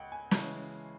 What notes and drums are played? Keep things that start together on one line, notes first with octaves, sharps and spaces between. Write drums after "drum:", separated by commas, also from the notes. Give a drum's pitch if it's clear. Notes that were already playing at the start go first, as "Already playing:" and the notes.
Already playing: C#2 F#5 G5
G#5
C#3 E3 G#3 A5, drum: snare